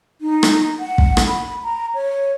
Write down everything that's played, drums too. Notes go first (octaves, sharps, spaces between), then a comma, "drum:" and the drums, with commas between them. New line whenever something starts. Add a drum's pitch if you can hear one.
D#4
drum: rim click
F#5
drum: kick
drum: rim click
B5
A#5
C#5